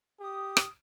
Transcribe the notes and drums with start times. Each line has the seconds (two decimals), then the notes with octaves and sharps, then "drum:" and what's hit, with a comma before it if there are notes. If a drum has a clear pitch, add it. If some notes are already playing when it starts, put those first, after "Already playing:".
0.20 G4 D#6
0.57 drum: rim click